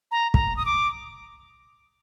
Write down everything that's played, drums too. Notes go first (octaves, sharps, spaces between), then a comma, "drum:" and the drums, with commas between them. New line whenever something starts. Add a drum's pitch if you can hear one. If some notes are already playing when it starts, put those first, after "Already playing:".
A#5
A#5, drum: kick
D#6
D6